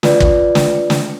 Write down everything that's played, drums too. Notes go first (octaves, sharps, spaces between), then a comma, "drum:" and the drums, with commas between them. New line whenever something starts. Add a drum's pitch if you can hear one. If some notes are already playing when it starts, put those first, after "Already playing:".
F4 B4 D5, drum: snare
drum: kick
drum: snare
drum: snare